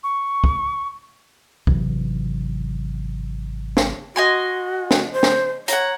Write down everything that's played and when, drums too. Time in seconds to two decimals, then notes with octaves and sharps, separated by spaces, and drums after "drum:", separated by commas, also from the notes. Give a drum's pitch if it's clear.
0.03 C#6
0.44 drum: kick
1.67 G#1 C3 E3 F#3, drum: kick
3.77 drum: snare
4.16 F#4 D#5 G#5 C6
4.91 drum: snare
5.12 C5
5.23 drum: snare
5.68 C#5 F#5 A#5, drum: hi-hat